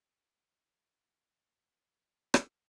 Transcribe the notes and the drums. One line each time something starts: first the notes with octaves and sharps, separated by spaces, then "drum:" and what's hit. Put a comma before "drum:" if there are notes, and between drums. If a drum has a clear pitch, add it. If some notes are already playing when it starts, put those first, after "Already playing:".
C3
D3
A3
A3
G3
G3
B3
drum: rim click